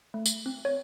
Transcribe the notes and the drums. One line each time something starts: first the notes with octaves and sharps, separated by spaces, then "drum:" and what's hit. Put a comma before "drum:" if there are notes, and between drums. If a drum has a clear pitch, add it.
A3
drum: tambourine
C4
C#5